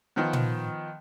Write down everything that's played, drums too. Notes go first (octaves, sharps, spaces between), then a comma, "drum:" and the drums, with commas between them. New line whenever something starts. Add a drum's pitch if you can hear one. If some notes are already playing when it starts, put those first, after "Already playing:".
D#3 F3 B3
drum: tom A#2